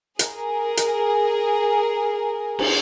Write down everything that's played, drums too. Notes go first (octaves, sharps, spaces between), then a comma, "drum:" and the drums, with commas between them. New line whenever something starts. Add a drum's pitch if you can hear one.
G#4 A#4, drum: hi-hat
drum: hi-hat
drum: cymbal